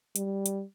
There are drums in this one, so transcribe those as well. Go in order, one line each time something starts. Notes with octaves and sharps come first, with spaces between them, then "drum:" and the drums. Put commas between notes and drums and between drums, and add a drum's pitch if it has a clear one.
G3, drum: hi-hat
drum: hi-hat